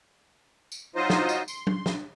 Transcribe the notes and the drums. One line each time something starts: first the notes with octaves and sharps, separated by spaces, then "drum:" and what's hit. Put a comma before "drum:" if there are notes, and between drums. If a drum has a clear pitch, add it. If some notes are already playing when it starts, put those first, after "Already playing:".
drum: tambourine
F#3 D#4 F4 C5 D#5
drum: snare
drum: tambourine
C6, drum: tambourine
drum: tom F#3
drum: snare